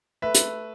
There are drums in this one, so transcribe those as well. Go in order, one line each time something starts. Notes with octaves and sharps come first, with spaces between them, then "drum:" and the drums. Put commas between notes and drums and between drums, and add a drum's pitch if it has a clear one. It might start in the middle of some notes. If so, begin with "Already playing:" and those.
A3 B4 E5
drum: hi-hat